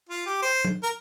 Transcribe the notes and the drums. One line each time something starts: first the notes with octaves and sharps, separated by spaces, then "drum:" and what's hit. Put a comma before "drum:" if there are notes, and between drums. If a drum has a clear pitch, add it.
F4
G4
C5
drum: tom
A#4